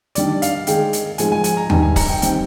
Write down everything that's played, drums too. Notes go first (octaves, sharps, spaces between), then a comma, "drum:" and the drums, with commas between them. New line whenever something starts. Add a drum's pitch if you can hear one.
D#3 G3 D4 D5, drum: hi-hat
F5, drum: hi-hat
D#3 G#3 D#4 G#4 G5, drum: hi-hat
drum: hi-hat
G#2 F3 G#3 G#5, drum: hi-hat
G#5
G#5, drum: hi-hat
A#5
G2 D#3 G3 G#5, drum: tom
G#5
A#5, drum: kick, open hi-hat
G5
D#3 G3 C4 G5, drum: hi-hat